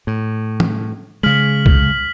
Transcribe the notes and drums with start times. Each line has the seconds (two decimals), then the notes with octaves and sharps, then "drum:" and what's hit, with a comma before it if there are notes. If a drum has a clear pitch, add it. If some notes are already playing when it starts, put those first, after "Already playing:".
0.07 A2
0.60 drum: tom
1.23 C#3 G#3 F6 B6 F#7
1.66 drum: kick C2